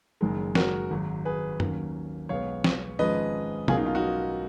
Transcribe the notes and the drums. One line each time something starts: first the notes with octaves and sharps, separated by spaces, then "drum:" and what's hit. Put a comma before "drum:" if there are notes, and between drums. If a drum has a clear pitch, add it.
F#1 F#2 D#3 G#3
F#4 A#4, drum: snare
G#1 G#2 F#3
G#4 B4
D#2 D#3 F#3 A#3 C#4, drum: tom F#2
B1 B2 G#3 B3 C#5 F5
drum: snare
G#1 G#2 F3 G#3 C#4 B4 D#5
B1 B2 A#3 C#4 F4 G#4, drum: tom
D#4
F4
D#4 F#4